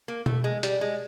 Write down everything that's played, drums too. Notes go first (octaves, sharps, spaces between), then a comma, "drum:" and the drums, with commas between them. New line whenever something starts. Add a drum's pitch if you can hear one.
A#3
A3, drum: tom B2
G#3
G3, drum: hi-hat
G#3